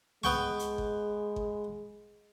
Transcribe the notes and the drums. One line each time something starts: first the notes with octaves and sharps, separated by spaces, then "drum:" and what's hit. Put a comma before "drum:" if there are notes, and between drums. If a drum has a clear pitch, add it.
G#3 B3 G5 C#6, drum: tom C2
drum: hi-hat
drum: kick G#1
drum: kick G#1